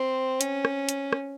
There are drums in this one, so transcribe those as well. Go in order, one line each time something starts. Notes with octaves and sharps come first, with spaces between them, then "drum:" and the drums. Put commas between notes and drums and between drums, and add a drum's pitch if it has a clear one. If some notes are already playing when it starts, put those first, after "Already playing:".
Already playing: C4
C#4, drum: hi-hat
drum: rim click
drum: hi-hat
drum: rim click